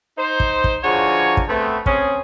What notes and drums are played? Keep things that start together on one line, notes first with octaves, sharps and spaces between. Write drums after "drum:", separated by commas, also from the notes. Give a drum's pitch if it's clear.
D#4 C5
drum: kick
drum: kick
D3 F3 F#4 G#4 A#4 C#5
drum: kick
A3 B3 C4
C4 C#4 G#4, drum: kick